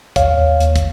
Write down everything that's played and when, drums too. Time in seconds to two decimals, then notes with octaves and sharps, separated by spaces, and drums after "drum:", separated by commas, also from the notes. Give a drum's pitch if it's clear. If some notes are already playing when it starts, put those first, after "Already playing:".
0.16 D#2 C#5 F5, drum: kick, hi-hat
0.39 D#2
0.60 D#2, drum: hi-hat
0.76 drum: kick, hi-hat